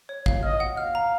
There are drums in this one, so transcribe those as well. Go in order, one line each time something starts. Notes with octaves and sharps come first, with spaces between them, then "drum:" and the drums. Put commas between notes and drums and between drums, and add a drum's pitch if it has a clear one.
C#5
F5, drum: kick
D#5 F6
F#5
F5 F6
A#5